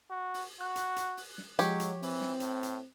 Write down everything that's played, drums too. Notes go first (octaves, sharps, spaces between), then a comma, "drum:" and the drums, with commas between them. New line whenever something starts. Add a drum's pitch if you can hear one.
F#4
drum: open hi-hat
F#4 F#6
drum: hi-hat
drum: hi-hat
drum: open hi-hat
drum: snare
F3 F#3 G#3 G4 C#5, drum: hi-hat
drum: hi-hat
E3 C4, drum: open hi-hat
drum: snare
A2, drum: hi-hat
drum: hi-hat